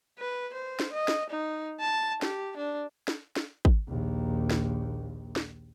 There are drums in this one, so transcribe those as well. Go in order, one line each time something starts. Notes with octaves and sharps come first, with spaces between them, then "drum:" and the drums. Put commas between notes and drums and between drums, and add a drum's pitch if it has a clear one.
B4
C5
drum: snare
D#5
drum: snare
D#4
A5
G4, drum: snare
D4
drum: snare
drum: snare
drum: kick G#1
A#1 D#2
drum: snare
drum: snare